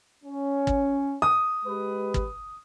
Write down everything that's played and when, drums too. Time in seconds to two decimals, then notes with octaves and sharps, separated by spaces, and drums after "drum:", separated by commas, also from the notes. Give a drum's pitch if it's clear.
0.24 C#4
0.67 drum: kick
1.22 D#6
1.65 G#3 G4 B4
2.14 drum: kick